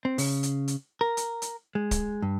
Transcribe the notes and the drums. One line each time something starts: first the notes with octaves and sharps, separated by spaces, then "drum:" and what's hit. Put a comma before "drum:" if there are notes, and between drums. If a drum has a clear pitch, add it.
C4
C#3, drum: open hi-hat
drum: hi-hat
drum: hi-hat
A#4
drum: hi-hat
drum: hi-hat
G#3
drum: kick, hi-hat
G2